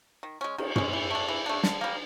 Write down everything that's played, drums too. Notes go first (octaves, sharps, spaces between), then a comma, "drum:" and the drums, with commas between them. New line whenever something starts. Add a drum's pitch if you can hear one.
D#3
G#3 C#4
D#3, drum: cymbal
G#3 C#4, drum: tom
E3
A3 D4
E3
A3 D4
D3, drum: snare
G3 A#3